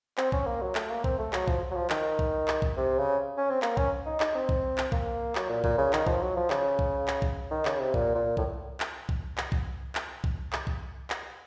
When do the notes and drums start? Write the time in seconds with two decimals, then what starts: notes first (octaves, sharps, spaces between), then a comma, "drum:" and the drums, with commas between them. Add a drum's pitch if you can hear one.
0.18 C4, drum: clap
0.32 C#4, drum: kick B1
0.46 A#3
0.62 F#3
0.75 A3, drum: clap
0.90 A#3
1.04 C4, drum: kick B1
1.18 A3
1.33 F#3, drum: clap
1.48 F3, drum: kick B1
1.71 F#3
1.76 F3
1.90 D#3, drum: clap
2.19 drum: kick B1
2.48 drum: clap
2.62 drum: kick B1
2.77 C3
2.98 C#3
3.37 C#4
3.50 C4
3.62 A#3, drum: clap
3.77 C#4, drum: kick B1
4.06 D#4
4.20 D#4, drum: clap
4.35 C4
4.49 drum: kick B1
4.78 drum: clap
4.92 A#3, drum: kick B1
5.35 F#3, drum: clap
5.49 A#2
5.64 A#2, drum: kick B1
5.78 C#3
5.93 D#3, drum: clap
6.06 F3, drum: kick B1
6.22 F#3
6.36 F3
6.50 C#3, drum: clap
6.79 drum: kick B1
7.08 drum: clap
7.22 drum: kick B1
7.51 D#3
7.65 C#3, drum: clap
7.79 C3
7.94 A#2, drum: kick B1
8.15 A#2
8.37 A2, drum: kick B1
8.80 drum: clap
9.09 drum: kick B1
9.38 drum: clap
9.52 drum: kick B1
9.95 drum: clap
10.24 drum: kick B1
10.53 drum: clap
10.67 drum: kick B1
11.10 drum: clap